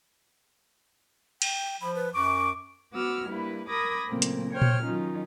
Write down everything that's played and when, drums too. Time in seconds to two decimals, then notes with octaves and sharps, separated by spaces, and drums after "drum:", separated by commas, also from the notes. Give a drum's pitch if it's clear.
1.42 G5, drum: cymbal
1.81 F3 B5
1.95 B4
2.14 F#2 C#6 D6
2.92 B3 F#4 D6 E6 F6
3.28 G2 A#3 E4 B4
3.69 A#4 B5 D6 D#6 G#6 A#6
4.07 A#2 C#3 F#3 A3 A#3 C4
4.22 drum: hi-hat
4.51 C5 C#5 G5 F6
4.61 drum: tom A#2
4.84 D#3 F#3 C#4 D#4 F4